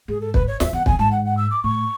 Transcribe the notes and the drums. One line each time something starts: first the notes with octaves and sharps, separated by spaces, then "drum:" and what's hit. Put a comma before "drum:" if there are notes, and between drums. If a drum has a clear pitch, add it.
G#2 G#4
A4
B4, drum: kick
C#5
E2 E5, drum: snare
E2 F#5
E2 G#5, drum: kick
G#2 A5
F#5
F#5
E6
D6
A2 C#6